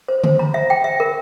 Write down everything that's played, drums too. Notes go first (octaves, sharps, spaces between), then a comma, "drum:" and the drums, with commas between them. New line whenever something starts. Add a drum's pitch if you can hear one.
C5
C5, drum: tom D3
A#5
E5
G5
E5
A#4